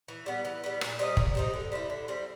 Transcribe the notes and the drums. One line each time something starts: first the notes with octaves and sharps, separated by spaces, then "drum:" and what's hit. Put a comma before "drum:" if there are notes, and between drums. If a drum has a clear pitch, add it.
E3
G3 B3
E3
G3 B3
A#2, drum: rim click
G3 C4 D#4
A#2, drum: kick
G3 C4 D#4
D3
G3 C4 E4
D3
G3 C4 E4